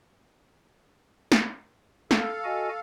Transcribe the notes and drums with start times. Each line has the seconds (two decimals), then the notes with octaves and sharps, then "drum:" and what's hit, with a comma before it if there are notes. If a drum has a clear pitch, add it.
1.32 drum: snare
2.11 A4 F5, drum: snare
2.44 F#4 D#5 G#5